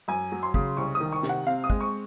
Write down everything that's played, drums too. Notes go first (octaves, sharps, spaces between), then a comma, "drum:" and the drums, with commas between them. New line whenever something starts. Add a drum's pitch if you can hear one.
F#2 G#5
F#3
C6
C#3, drum: kick
C2 C#6
D#6
D#3
C#6
C3, drum: snare
F#5
C4 F5
D#6
G#3, drum: kick
C#6